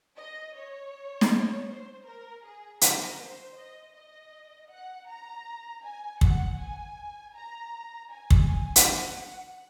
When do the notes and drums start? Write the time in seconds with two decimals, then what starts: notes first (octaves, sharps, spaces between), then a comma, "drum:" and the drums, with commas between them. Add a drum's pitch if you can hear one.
0.17 D#5
0.55 C#5
1.21 drum: snare
1.69 C5
2.05 A#4
2.44 G#4
2.81 A#4, drum: hi-hat
3.19 C5
3.57 D#5
3.94 D#5
4.70 F#5
5.09 A#5
5.84 G#5
6.21 F#5, drum: kick
6.59 G#5
7.35 A#5
8.11 G#5
8.30 drum: kick
8.76 drum: hi-hat
8.86 F#5